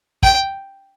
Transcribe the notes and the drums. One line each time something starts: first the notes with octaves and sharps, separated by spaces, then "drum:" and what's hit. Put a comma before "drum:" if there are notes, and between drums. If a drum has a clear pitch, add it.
G5, drum: kick